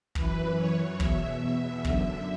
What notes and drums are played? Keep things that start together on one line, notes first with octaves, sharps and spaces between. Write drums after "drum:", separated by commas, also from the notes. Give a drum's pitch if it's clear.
F#2 E3 B4, drum: kick
C#5
E2 B2 E5, drum: kick
F#2 D3, drum: kick